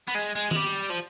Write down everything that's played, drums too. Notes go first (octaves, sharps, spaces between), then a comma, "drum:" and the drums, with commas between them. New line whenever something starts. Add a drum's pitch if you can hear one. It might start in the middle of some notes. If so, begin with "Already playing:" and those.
B3
G#3
G#3
G#3, drum: tom D#3
G3
F3